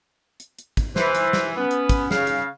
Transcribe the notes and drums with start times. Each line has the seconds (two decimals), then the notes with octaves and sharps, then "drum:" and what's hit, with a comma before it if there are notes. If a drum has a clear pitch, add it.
0.40 drum: hi-hat
0.59 drum: hi-hat
0.77 drum: kick, hi-hat
0.96 E3 C5, drum: snare
1.15 drum: hi-hat
1.33 drum: snare
1.57 B3 C#4
1.71 drum: hi-hat
1.89 drum: kick, hi-hat
2.11 C#3 F5, drum: snare
2.27 drum: hi-hat